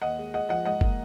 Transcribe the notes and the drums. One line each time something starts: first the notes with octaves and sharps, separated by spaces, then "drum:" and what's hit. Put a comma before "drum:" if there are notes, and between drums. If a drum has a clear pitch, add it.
D#2 D#5 F#5
G#3
G#3 D#5 F#5
F3 D#5 F#5
G#2 D#5 F#5
A#3, drum: kick